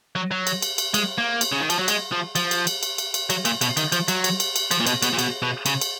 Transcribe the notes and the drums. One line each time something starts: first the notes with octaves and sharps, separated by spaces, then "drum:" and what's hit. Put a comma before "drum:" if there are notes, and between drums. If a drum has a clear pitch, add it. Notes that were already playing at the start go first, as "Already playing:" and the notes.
F#3
F#3
drum: cymbal
drum: cymbal
drum: cymbal
G#3, drum: cymbal
A#3
drum: cymbal
C#3
D#3
F3, drum: cymbal
F#3
G#3, drum: cymbal
F3
F3, drum: cymbal
drum: cymbal
drum: cymbal
drum: cymbal
drum: cymbal
drum: cymbal
F#3, drum: cymbal
A#2, drum: cymbal
B2, drum: cymbal
D#3, drum: cymbal
F3, drum: cymbal
F#3, drum: cymbal
drum: cymbal
drum: cymbal
drum: cymbal
F3, drum: cymbal
A#2
B2, drum: cymbal
B2, drum: cymbal
A#2
B2, drum: cymbal
B2
C#3, drum: cymbal
drum: cymbal